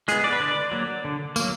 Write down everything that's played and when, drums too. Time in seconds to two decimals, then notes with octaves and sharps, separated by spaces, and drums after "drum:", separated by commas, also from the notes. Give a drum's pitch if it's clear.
0.08 G#3 B3 G#4, drum: hi-hat
0.24 D5
0.32 B4
0.40 D3 D5
0.71 F#3 A#3
1.05 D3
1.36 F#3 A#3, drum: tambourine